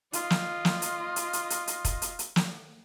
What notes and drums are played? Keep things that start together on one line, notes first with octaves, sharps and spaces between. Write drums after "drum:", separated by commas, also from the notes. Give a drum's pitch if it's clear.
F4 D#5, drum: hi-hat
drum: snare
drum: snare
drum: hi-hat
drum: hi-hat
drum: hi-hat
drum: hi-hat
drum: hi-hat
drum: kick, hi-hat
drum: hi-hat
drum: hi-hat
drum: snare